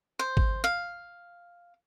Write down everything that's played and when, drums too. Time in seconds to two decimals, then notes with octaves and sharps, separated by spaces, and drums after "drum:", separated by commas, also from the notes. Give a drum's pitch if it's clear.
0.19 C5
0.37 drum: kick G#1
0.64 F5